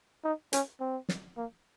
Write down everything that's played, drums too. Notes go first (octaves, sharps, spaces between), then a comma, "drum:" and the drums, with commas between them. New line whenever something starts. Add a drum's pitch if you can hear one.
D#4
C#4, drum: hi-hat
C4
drum: snare
A#3